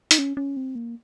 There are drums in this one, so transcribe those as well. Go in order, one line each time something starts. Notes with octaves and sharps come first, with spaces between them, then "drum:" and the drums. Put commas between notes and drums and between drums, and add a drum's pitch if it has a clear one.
D#4, drum: hi-hat
C#4
C#4
C4
A#3